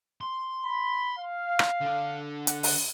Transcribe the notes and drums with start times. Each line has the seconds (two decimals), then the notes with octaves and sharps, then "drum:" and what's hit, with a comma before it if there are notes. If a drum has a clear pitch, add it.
0.21 C6
0.66 B5
1.18 F5
1.59 drum: rim click
1.81 D3 D4
2.47 F#5, drum: hi-hat
2.63 drum: open hi-hat